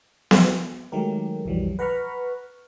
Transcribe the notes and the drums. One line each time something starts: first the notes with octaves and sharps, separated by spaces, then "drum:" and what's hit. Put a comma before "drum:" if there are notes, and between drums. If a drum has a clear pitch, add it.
drum: snare B3
D#3 F#3 G#3 A3 G4 A#4
B1 F2 E3 F#3 G3
B4 F#5 A#5 B5 C#6 F6